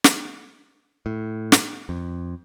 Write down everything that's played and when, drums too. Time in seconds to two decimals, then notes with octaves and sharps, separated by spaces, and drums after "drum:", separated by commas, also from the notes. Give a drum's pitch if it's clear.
0.04 drum: snare
1.06 A2
1.52 drum: snare
1.89 F2